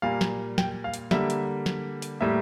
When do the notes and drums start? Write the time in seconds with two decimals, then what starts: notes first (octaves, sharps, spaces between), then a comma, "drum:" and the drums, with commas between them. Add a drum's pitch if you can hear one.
0.02 A#2 G3 A#3 F5
0.21 drum: snare
0.58 G5, drum: snare
0.84 F5
0.94 drum: hi-hat
1.11 D3 G3 A#3 E5, drum: snare
1.30 drum: hi-hat
1.66 drum: snare
2.02 drum: hi-hat
2.21 A2 G3 A#3 E5